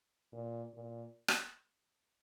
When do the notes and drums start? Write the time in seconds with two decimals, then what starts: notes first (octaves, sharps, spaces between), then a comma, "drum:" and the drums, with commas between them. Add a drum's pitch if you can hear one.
0.33 A#2
0.74 A#2
1.28 drum: rim click